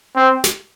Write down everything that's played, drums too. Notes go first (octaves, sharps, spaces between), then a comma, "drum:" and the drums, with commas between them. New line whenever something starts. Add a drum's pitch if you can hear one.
C4
drum: snare